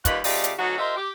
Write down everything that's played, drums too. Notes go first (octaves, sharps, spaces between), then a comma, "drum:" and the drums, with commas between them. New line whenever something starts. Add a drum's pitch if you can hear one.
D#2 G3 F4 B4 D#5 F#5, drum: kick, hi-hat
C#3 A3 F4 G4 D5 D#5, drum: open hi-hat
drum: hi-hat
D2 F#3 C#4 D#4 F#4
F4 G4 A#4 C5 D#5 E5
G4